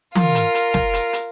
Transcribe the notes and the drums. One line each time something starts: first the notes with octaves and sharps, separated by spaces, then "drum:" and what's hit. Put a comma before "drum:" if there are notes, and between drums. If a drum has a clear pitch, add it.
F4 A#4, drum: tom E3
drum: hi-hat
drum: hi-hat
drum: snare
drum: hi-hat
drum: hi-hat